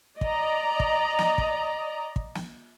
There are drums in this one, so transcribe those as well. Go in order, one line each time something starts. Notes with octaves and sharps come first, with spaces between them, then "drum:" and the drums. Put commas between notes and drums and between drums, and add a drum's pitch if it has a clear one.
D5 D#5 A#5, drum: kick
drum: kick
drum: snare
drum: kick
drum: kick
drum: snare